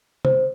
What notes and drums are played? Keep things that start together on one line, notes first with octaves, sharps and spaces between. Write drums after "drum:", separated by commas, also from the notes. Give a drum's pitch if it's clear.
C5, drum: tom